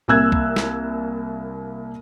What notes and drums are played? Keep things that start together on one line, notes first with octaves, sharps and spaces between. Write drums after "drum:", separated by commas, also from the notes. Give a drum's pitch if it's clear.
C2 A#3 G#5 E6 F#6 G#6
drum: kick
drum: snare